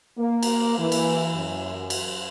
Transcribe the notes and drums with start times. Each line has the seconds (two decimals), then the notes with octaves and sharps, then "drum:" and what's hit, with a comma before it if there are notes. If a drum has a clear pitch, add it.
0.18 A#3
0.43 drum: cymbal
0.78 E3
0.92 drum: cymbal
1.34 F#2
1.90 drum: cymbal